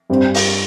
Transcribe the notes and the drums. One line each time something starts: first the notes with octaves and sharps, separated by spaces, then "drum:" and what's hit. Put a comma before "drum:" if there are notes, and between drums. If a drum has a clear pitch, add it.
G2 C4
drum: open hi-hat